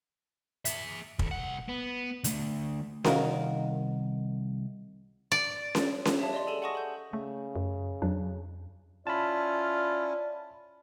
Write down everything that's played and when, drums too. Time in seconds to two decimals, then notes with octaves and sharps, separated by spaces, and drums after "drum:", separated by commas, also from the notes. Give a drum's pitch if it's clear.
0.65 G#4 E5, drum: hi-hat
1.19 D#2 A3, drum: kick
1.31 C2 F#5
1.69 B3
2.24 D3 A3, drum: hi-hat
3.04 C2 D#3 F#4 A#4 D#5 F5, drum: snare C#4
5.32 D5
5.75 drum: snare C#4
6.05 drum: snare C#4
6.19 G4 C#5 E5 F5 A5
6.33 D5 D#5 C6
6.47 G#4 A4 G#5 E7 F#7 G7
6.62 F#5 G#5 A5 C#6 D#6 A#6
6.75 A4 G6
7.13 C#3 A3
7.56 F#2
8.02 F2 F#3 D4
9.07 C#4 E4 F4 D5 A5 B5